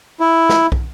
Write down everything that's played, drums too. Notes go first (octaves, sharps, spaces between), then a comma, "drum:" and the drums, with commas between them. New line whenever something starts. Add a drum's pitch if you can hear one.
E4
drum: snare
drum: kick